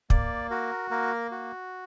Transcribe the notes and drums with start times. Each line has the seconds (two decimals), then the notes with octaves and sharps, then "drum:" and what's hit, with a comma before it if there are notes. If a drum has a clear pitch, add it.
0.10 A#3 D5, drum: kick
0.50 F#4 A#4
0.91 A#3 A#4
1.31 F#4